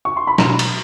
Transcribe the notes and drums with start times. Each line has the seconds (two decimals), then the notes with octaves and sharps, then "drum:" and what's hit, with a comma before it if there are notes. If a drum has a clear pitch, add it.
0.05 C#6
0.17 C6
0.27 B5
0.38 B2 A#5, drum: snare
0.59 drum: cymbal